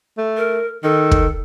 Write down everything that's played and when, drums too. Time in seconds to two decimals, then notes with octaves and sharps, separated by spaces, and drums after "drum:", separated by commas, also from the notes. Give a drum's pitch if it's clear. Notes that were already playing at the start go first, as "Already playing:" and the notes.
0.18 A3
0.37 A#4
0.83 D#3 A4
1.11 drum: kick